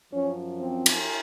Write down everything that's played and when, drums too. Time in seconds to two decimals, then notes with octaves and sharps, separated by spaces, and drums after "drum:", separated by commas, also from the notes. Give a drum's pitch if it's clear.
0.12 F#2 F3 C#4
0.58 C4
0.86 drum: cymbal